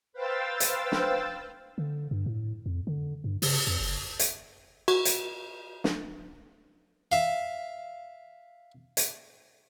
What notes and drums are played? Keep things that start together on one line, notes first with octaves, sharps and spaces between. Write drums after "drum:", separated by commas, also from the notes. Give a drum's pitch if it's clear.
B4 C5 F5 G5 E6 A6
drum: hi-hat
drum: snare
D3
G2
A2
F2
D3
G2
C#3, drum: open hi-hat
F2
F#1
drum: hi-hat
F#4, drum: cymbal
drum: hi-hat
drum: snare
E5 F5
drum: hi-hat